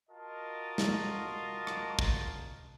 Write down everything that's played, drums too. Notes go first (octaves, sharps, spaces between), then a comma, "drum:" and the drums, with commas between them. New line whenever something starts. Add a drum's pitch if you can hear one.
F4 F#4 A#4 D#5 A5
drum: snare
drum: rim click
drum: kick